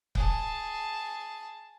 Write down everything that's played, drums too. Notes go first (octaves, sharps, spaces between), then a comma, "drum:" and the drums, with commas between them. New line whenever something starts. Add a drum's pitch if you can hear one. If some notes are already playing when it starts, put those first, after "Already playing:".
G#4 A5, drum: kick C#1